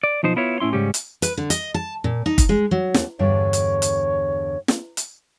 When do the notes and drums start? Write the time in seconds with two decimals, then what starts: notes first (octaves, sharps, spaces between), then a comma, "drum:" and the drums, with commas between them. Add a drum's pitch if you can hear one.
0.03 D5
0.23 B1 F3 D#4 C5
0.36 B3 E4 F4 C#5
0.60 A2 C#4 E4 C6
0.73 G#2 C#3 G3 C#4 G4
0.94 drum: hi-hat
1.22 B4, drum: hi-hat
1.37 D3
1.50 D#5, drum: hi-hat
1.74 A5
2.04 A#2
2.26 D#4
2.38 drum: kick, hi-hat
2.49 G#3
2.71 F#3
2.94 D#2, drum: snare
3.19 E2 G2 D3 C#5
3.53 drum: hi-hat
3.82 drum: hi-hat
4.68 drum: snare
4.97 drum: hi-hat